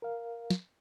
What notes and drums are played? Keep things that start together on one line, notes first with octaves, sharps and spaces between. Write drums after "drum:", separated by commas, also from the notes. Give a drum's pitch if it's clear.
A#4 F5
drum: snare